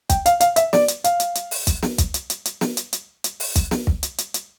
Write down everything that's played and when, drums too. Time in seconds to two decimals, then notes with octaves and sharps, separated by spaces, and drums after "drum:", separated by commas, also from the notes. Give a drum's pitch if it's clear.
0.10 G5, drum: kick, hi-hat
0.26 F5, drum: hi-hat
0.40 F5, drum: hi-hat
0.56 E5, drum: hi-hat
0.73 D5, drum: snare
0.88 drum: hi-hat
1.04 F5, drum: hi-hat
1.20 drum: hi-hat
1.35 drum: hi-hat
1.51 drum: open hi-hat
1.67 drum: kick, hi-hat
1.83 drum: snare
1.98 drum: kick, hi-hat
2.14 drum: hi-hat
2.30 drum: hi-hat
2.45 drum: hi-hat
2.61 drum: snare
2.77 drum: hi-hat
2.93 drum: hi-hat
3.24 drum: hi-hat
3.40 drum: open hi-hat
3.56 drum: kick, hi-hat
3.71 drum: snare
3.87 drum: kick
4.03 drum: hi-hat
4.18 drum: hi-hat
4.34 drum: hi-hat